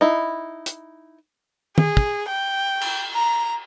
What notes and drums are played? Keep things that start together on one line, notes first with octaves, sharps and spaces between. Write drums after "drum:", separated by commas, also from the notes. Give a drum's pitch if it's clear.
D#4 E4
drum: hi-hat
G#4, drum: tom
drum: kick
G5
drum: cymbal
A#5